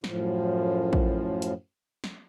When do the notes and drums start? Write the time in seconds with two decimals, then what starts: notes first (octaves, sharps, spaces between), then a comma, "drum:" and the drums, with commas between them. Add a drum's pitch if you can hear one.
0.04 F#2 A2 F3, drum: snare
0.93 drum: kick
1.42 drum: hi-hat
2.04 drum: snare